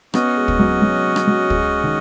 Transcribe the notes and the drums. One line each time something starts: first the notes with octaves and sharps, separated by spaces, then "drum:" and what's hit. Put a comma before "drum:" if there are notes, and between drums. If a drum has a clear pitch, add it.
B3 C#4 F#4 D#5, drum: rim click
G#3
drum: kick
F#3
F#3
drum: rim click
F#3
G#3, drum: kick
D#3